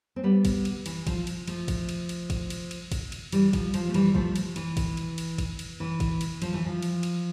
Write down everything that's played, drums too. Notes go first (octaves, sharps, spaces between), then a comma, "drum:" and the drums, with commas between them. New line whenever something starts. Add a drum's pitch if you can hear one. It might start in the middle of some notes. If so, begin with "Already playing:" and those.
C4
G3 B3
drum: kick, cymbal
drum: cymbal
E3, drum: cymbal
F3, drum: kick, cymbal
drum: cymbal
F3 A3, drum: cymbal
drum: kick, cymbal
drum: cymbal
drum: cymbal
drum: kick, cymbal
drum: cymbal
drum: cymbal
drum: kick, cymbal
drum: cymbal
E3 G3, drum: cymbal
F3, drum: kick, cymbal
F3, drum: cymbal
A3
E3 G3, drum: cymbal
F3 A3, drum: kick
drum: cymbal
E3, drum: cymbal
drum: kick, cymbal
drum: cymbal
drum: cymbal
drum: kick, cymbal
drum: cymbal
E3
drum: kick, cymbal
drum: cymbal
F3, drum: cymbal
E3
F3
drum: cymbal
drum: cymbal